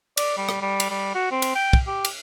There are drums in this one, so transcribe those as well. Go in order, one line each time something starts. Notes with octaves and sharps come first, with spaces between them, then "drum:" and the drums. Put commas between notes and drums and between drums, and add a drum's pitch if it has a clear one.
D5, drum: cymbal
G3
drum: rim click
G3
drum: cymbal
G3
F#4
C4
drum: cymbal
G5
drum: kick
G4
drum: cymbal